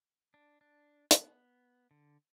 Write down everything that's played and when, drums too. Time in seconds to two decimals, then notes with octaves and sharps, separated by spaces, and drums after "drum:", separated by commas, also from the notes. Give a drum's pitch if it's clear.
0.34 D4
0.61 D4
1.11 B3, drum: hi-hat
1.91 D3